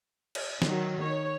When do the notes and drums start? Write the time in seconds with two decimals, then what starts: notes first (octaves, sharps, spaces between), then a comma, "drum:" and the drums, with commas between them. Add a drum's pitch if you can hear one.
0.35 drum: cymbal
0.62 D#3 F#3, drum: snare
1.01 C#5